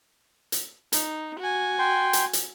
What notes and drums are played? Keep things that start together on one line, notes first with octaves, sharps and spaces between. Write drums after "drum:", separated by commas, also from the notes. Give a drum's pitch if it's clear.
drum: hi-hat
D#4, drum: hi-hat
F#4 G#5
G5 C6
drum: hi-hat
drum: hi-hat